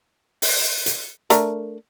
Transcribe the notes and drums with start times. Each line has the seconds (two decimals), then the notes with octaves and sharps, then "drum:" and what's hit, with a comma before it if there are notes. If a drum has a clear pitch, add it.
0.42 drum: open hi-hat
0.86 drum: hi-hat
1.30 A3 D4 A#4, drum: hi-hat